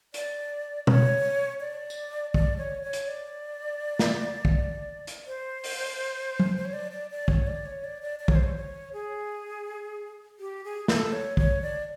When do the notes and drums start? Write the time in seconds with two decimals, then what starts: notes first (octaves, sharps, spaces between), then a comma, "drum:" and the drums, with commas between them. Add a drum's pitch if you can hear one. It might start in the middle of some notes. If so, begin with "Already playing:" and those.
0.14 D5, drum: hi-hat
0.87 C#5, drum: tom
1.61 D5
1.90 drum: tambourine
2.34 D5, drum: kick
2.58 C#5
2.83 C#5
2.93 drum: hi-hat
3.08 D5
3.99 drum: snare
4.45 drum: kick
5.07 drum: hi-hat
5.27 C5
5.64 drum: open hi-hat
6.40 drum: tom F#3
6.57 C5
6.65 C#5
6.73 D5
6.91 D5
7.11 D5
7.28 C#5, drum: kick
7.47 D5
7.66 C#5
7.84 D5
8.02 D5
8.19 D5
8.28 C#5, drum: kick
8.35 C5
8.43 C#5
8.56 C#5
8.93 G#4
10.39 G4
10.64 G#4
10.88 A4, drum: snare
11.12 C#5
11.37 C#5, drum: kick
11.62 D5